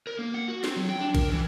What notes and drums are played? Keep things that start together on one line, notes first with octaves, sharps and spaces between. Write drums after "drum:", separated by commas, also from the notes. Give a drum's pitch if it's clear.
A#4
A#3
F#5
F#4
C4, drum: snare
F#3
G5
D4
A#4, drum: kick A#1, cymbal
E3